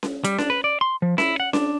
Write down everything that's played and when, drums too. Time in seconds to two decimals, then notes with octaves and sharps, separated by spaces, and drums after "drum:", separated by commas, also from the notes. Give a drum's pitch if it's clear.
0.03 drum: snare C#4
0.24 G3, drum: hi-hat
0.38 D4, drum: snare C#4
0.50 B4
0.64 D5
0.81 C6
1.02 F3
1.18 E4, drum: snare C#4
1.40 F#5
1.53 D4, drum: snare C#4